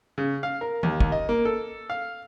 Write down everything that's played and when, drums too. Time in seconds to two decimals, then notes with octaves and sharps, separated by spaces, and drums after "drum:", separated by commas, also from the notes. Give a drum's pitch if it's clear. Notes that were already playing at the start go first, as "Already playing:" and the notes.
0.18 C#3
0.43 F5
0.61 A#4
0.83 D#2, drum: tom E3
1.00 D#2, drum: kick
1.12 D#5
1.29 A#3
1.45 A4
1.90 F5